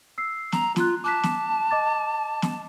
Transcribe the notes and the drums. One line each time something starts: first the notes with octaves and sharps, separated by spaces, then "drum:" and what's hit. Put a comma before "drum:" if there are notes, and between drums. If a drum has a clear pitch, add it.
E6 C7
A#5, drum: snare
F4 A#5 F#6, drum: snare
A5 D6 F#6 B6
drum: snare
D#5 D6 A6
drum: snare